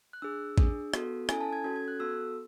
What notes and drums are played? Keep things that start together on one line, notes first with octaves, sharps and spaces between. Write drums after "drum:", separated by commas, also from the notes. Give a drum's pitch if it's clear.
F#6
D4 G#4 E6
D4 G#4, drum: kick A1
B3 F#4 A4, drum: rim click
C#4 E4 A4 G#5, drum: rim click
A5
G#6
C#4 F#4 A4 G#6
G#6
F#6
B3 F#4 A4 E6